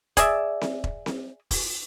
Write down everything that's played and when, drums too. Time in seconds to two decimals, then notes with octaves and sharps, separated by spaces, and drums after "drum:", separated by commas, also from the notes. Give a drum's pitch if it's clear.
0.17 G#4 D5 E5, drum: kick E1, hi-hat
0.61 drum: snare C4
0.84 drum: kick E1
1.06 drum: snare C4
1.51 drum: kick E1, open hi-hat